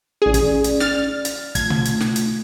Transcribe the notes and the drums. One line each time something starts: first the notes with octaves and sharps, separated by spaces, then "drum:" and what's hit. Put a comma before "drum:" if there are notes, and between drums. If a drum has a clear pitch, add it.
A1 C#4 G#4 D5
drum: kick, hi-hat
drum: hi-hat
F6 A6, drum: snare
drum: hi-hat
A3 F4 G#6, drum: kick, hi-hat
drum: tom B2
drum: hi-hat
drum: snare
drum: hi-hat